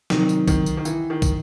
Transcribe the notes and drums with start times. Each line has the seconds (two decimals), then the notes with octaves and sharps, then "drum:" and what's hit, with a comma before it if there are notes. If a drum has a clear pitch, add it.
0.10 C3 D#3 F#3 C4 D#4, drum: snare
0.29 drum: tambourine
0.48 D#3, drum: kick, tambourine
0.66 drum: tambourine
0.77 D#3
0.85 E3, drum: tambourine
1.10 D#3
1.22 drum: kick, tambourine